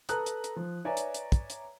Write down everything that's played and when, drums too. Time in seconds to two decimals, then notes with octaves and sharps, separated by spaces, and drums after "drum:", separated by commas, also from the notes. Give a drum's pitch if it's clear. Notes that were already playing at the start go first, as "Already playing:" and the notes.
0.09 A4 B4 A#5 D#6 F#6, drum: hi-hat
0.26 drum: hi-hat
0.44 drum: hi-hat
0.56 F3
0.85 B4 C#5 D5 E5 G#5 A#5
0.97 drum: hi-hat
1.14 drum: hi-hat
1.32 drum: kick, hi-hat
1.50 drum: hi-hat